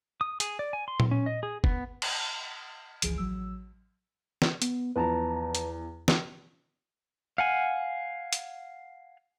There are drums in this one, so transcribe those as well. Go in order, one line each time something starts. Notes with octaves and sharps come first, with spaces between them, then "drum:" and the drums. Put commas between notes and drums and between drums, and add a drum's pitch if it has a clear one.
D#6
G#4, drum: hi-hat
D5
G#5
C6
drum: tom A#2
C#4
D#5
G#4
B3, drum: kick
drum: cymbal
G1 C#2 E3 F3 G#4 D7, drum: hi-hat
A1 F#3 E6
drum: snare
B3, drum: hi-hat
E2 F3 B4 A5 A#5
drum: hi-hat
drum: snare
F5 F#5 G#5
drum: hi-hat